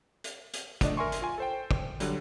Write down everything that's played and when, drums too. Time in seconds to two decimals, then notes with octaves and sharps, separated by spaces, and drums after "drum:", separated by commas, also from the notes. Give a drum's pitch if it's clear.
0.24 drum: hi-hat
0.53 drum: hi-hat
0.81 F3 A3 D4 D5 D#5, drum: kick, hi-hat
0.97 A#4 E5 G#5 C6 C#6
1.12 drum: hi-hat
1.22 F4 G#5
1.38 A4 C5 G5
1.71 drum: kick
2.00 D3 F#3 G3, drum: hi-hat